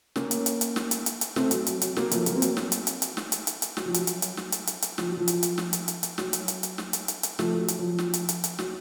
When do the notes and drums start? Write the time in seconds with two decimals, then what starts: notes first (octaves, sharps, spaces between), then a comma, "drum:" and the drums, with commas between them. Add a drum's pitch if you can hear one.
0.16 A#3 C#4, drum: snare
0.31 drum: hi-hat
0.46 drum: hi-hat
0.61 drum: hi-hat
0.76 drum: snare
0.91 drum: hi-hat
1.06 drum: hi-hat
1.21 drum: hi-hat
1.36 A3 C4, drum: snare
1.51 F#3, drum: hi-hat
1.67 F#3, drum: hi-hat
1.82 F#3, drum: hi-hat
1.96 F#3 A#3, drum: snare
2.11 F3 A3, drum: hi-hat
2.26 F#3 A#3, drum: hi-hat
2.36 C4
2.42 F#3 A#3, drum: hi-hat
2.57 drum: snare
2.72 drum: hi-hat
2.87 drum: hi-hat
3.02 drum: hi-hat
3.17 drum: snare
3.32 drum: hi-hat
3.47 drum: hi-hat
3.62 drum: hi-hat
3.77 F#3, drum: snare
3.85 F3
3.94 F#3, drum: hi-hat
4.07 drum: hi-hat
4.22 drum: hi-hat
4.37 drum: snare
4.52 drum: hi-hat
4.67 drum: hi-hat
4.82 drum: hi-hat
4.98 F3, drum: snare
5.07 F#3
5.17 F3
5.28 drum: hi-hat
5.43 drum: hi-hat
5.58 drum: snare
5.73 drum: hi-hat
5.88 drum: hi-hat
6.03 drum: hi-hat
6.18 F#3, drum: snare
6.33 drum: hi-hat
6.48 drum: hi-hat
6.63 drum: hi-hat
6.78 drum: snare
6.93 drum: hi-hat
7.08 drum: hi-hat
7.23 drum: hi-hat
7.39 F3 A3, drum: snare
7.59 F#3
7.68 drum: hi-hat
7.79 F3
7.98 drum: snare
8.14 drum: hi-hat
8.29 drum: hi-hat
8.44 drum: hi-hat
8.59 F#3, drum: snare